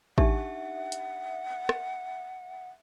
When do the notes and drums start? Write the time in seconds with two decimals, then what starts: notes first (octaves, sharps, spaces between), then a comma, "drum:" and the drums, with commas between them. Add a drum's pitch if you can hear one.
0.18 D4 D#4 G4 E5 F#5, drum: kick A1
0.92 drum: hi-hat
1.69 drum: rim click